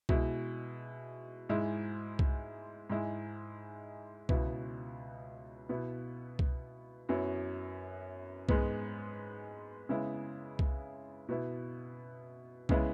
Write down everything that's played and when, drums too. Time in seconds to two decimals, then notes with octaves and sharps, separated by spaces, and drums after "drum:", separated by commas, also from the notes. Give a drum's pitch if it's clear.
0.09 B2 G#3 E4, drum: kick C2
1.49 G#2 G#3 E4
2.19 drum: kick C2
2.90 G#2 G#3 E4
4.29 C#2 B2 B3 E4, drum: kick C2
5.69 B2 B3 E4
6.39 drum: kick C2
7.09 F#2 F#3 B3 E4
8.49 G#2 G#3 B3, drum: kick C2
9.89 C#3 G#3 B3 E4
10.59 drum: kick C2
11.29 B2 B3 E4
12.69 C#3 G#3 B3 E4, drum: kick C2